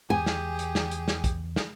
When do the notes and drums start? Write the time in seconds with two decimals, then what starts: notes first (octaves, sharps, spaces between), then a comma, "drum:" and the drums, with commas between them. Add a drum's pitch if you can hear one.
0.10 E2 G4 G#4 G#5
0.26 drum: snare
0.59 drum: hi-hat
0.75 drum: snare
0.91 drum: hi-hat
1.08 drum: snare
1.24 drum: kick, hi-hat
1.56 drum: snare